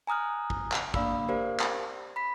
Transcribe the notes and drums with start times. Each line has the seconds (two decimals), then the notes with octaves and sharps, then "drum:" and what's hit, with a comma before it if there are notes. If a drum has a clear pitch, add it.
0.07 G#5 A#5 D#6 F6 F#6
0.50 drum: kick
0.72 drum: clap
0.94 A#3 D4 D5 F5 B5 E6, drum: kick
1.29 G4 A#4 C5 D5 F5
1.60 drum: clap
2.16 B5 B6